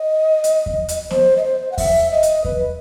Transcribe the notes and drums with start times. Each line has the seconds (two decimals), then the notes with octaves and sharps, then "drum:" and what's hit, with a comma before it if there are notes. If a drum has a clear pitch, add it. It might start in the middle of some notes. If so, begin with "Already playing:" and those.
Already playing: D#5
0.44 drum: hi-hat
0.66 drum: kick E2
0.88 drum: hi-hat
1.11 C5, drum: snare
1.37 D#5
1.44 C5
1.72 F#5
1.78 E5, drum: kick E2, open hi-hat
2.11 D#5
2.23 drum: hi-hat
2.45 B4, drum: kick E2